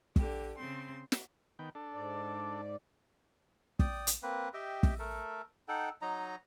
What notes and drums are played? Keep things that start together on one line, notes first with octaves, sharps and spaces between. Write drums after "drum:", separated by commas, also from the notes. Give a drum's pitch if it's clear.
D3 G4, drum: kick
C#3 C4 C6
drum: snare
D#3 B3 G5
D4 A4
G#2 D5
D5 G5 D#6, drum: kick
drum: hi-hat
A#3 C4 B4
G4 D#5 E5 G5
drum: kick
A3 A4 A#4
D#4 A4 F#5 G5
F#3 D#4 D#5 A#5